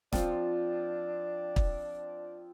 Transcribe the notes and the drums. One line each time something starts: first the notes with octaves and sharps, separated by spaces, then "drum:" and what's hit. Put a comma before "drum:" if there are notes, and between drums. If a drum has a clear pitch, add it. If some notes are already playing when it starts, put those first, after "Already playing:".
F3 C4 D4 F4, drum: snare
drum: kick